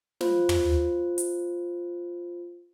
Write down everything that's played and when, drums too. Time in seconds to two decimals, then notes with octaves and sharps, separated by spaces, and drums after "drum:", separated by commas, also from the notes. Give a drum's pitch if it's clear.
0.21 F4 C5, drum: snare
0.49 drum: tom
1.18 drum: hi-hat